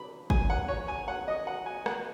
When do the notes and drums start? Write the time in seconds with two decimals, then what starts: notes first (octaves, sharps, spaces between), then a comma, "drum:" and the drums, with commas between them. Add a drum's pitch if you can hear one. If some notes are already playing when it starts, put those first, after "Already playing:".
Already playing: B5
0.30 G#5, drum: kick
0.50 F#5
0.68 C#5
0.88 G#5
1.08 F#5
1.28 D#5
1.47 F#5
1.66 G#5
1.86 F#5, drum: rim click